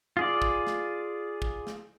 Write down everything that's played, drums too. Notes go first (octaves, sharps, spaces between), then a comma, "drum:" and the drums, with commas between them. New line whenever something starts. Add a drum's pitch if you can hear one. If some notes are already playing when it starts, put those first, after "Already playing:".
F4 G#4 D5
drum: kick
drum: snare
drum: kick
drum: snare